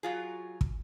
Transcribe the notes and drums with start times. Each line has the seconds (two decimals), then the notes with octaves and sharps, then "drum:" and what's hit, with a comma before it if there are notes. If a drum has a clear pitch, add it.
0.03 F#3 F4 G#4
0.61 drum: kick